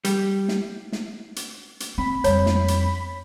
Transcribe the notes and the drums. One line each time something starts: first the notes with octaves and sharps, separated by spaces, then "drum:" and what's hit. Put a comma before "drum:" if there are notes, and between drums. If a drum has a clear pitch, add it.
G3, drum: hi-hat
drum: snare
drum: snare
drum: hi-hat
drum: hi-hat
C4 B5
F2 G3 C#5, drum: hi-hat
drum: snare
drum: hi-hat